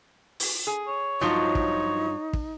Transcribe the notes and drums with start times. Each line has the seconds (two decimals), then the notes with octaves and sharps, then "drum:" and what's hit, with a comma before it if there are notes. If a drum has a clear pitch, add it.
0.40 drum: open hi-hat
0.67 G#4
0.88 C#5
1.21 G2 F3 F#3 D#4 F4 D#5
1.55 drum: kick
2.33 drum: kick